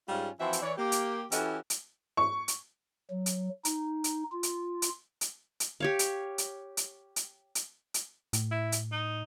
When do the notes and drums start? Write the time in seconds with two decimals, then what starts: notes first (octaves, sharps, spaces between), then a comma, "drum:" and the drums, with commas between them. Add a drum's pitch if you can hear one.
0.09 G#2 G3 G#3 C#4 F4
0.40 E3 F3 C4 E4 F#4 E5
0.53 drum: hi-hat
0.62 E3 C#5 D5
0.78 A#3 G4
0.92 drum: hi-hat
1.32 E3 C#4 E4 F#4 G4 A4, drum: hi-hat
1.70 drum: hi-hat
2.17 C#6
2.48 drum: hi-hat
3.11 F#3
3.26 drum: hi-hat
3.65 D#4, drum: hi-hat
4.04 drum: hi-hat
4.32 F4
4.43 drum: hi-hat
4.82 drum: hi-hat
5.21 drum: hi-hat
5.60 drum: hi-hat
5.80 G4 C#5 F5
5.99 drum: hi-hat
6.38 drum: hi-hat
6.77 drum: hi-hat
7.16 drum: hi-hat
7.55 drum: hi-hat
7.94 drum: hi-hat
8.33 A2, drum: hi-hat
8.51 E4
8.72 drum: hi-hat
8.92 D#4